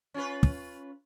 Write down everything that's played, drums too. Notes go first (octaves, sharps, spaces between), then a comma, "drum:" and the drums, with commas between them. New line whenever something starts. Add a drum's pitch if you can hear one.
C#4 F4 B4
drum: kick